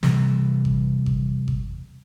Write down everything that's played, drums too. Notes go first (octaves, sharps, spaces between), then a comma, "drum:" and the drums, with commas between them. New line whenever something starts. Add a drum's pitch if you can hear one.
C3 E3 G3, drum: snare
drum: kick G#1
drum: kick G#1
drum: kick G#1